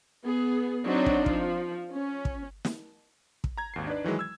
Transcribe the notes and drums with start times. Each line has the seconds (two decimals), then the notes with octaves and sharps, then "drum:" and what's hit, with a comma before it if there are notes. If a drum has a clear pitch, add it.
0.22 B3 G#4
0.85 F#3 C4 D4 D#4
1.06 drum: kick
1.26 F3, drum: kick
1.91 C#4
2.25 drum: kick
2.65 drum: snare
3.44 drum: kick
3.57 A#5 G#6
3.74 G#1 D#2 C7
3.87 D4 D#4 B4 D5
4.04 D#3 E3 F#3 G#3
4.19 E6 G#6